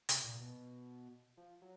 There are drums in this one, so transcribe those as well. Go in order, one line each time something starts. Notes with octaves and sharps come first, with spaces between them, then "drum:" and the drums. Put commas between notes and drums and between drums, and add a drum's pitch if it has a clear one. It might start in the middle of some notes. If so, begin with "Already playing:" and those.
C3, drum: hi-hat
A#2
B2
F3
F#3